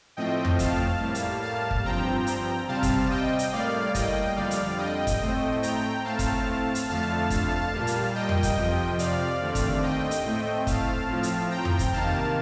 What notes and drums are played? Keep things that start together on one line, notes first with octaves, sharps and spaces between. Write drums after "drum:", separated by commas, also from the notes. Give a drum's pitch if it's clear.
A2 F3 A3 C4 D#5 G5
drum: tom F2
F5 A5, drum: kick, hi-hat
A2 G3 A#3
drum: hi-hat
F5 A5
drum: kick
G2 F3 C4 G5 A#5
drum: hi-hat
C3 G3 C4 F5 A5
drum: kick, hi-hat
D#5 G5
drum: hi-hat
A2 G3 A#3 D5 F5
D#5 G5, drum: kick, hi-hat
F2 D3 G3 D5 F5
drum: hi-hat
D#5 G5
drum: kick, hi-hat
A2 A3 C4
G5 A#5, drum: hi-hat
A2 A3 C4 F5 A5
drum: kick, hi-hat
drum: hi-hat
F2 D3 A3 F5 A5
F5 A5, drum: kick, hi-hat
A#2 G3 A#3
drum: hi-hat
D#5 G5
drum: tom F2
drum: kick, hi-hat
F2 C3 F3
D5 F5, drum: hi-hat
D#2 D3 A3 C4
drum: kick, hi-hat
D#5 G5
drum: hi-hat
A2 A3 C4
F5 A5, drum: kick, hi-hat
A2 F3 C4
drum: hi-hat
G5 A#5
drum: tom F2
drum: kick, hi-hat
C3 D#3 A#3 F5 A5